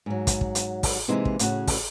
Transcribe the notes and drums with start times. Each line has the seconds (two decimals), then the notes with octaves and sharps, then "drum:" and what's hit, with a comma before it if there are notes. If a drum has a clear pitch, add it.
0.06 G#2 F#3
0.27 drum: kick, hi-hat
0.41 drum: kick
0.55 drum: hi-hat
0.83 drum: kick, open hi-hat
1.08 C3 E3 G#3 A#3 D#4 E4
1.25 drum: kick
1.39 A2 C#3 F#4, drum: hi-hat
1.67 drum: kick, open hi-hat